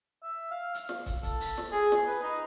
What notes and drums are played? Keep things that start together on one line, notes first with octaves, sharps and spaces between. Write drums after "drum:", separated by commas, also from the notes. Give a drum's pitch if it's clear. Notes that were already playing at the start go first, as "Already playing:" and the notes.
E5
F5
F5, drum: hi-hat
drum: snare
drum: kick, hi-hat
A4, drum: kick, hi-hat
drum: open hi-hat
drum: snare
G#4
drum: snare
B4
D#4